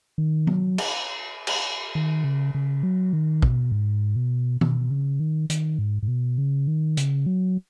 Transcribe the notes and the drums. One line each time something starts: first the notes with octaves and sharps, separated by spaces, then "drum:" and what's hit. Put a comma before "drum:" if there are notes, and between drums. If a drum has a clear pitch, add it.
D#3
F#3, drum: tom D#3
drum: cymbal
drum: cymbal
D#3
C#3
C#3
F#3
D#3
B2, drum: kick
G#2
B2
B2, drum: tom D#3
C#3
D#3
D#3, drum: hi-hat
G#2
G#2
B2
C#3
D#3
C#3, drum: hi-hat
F#3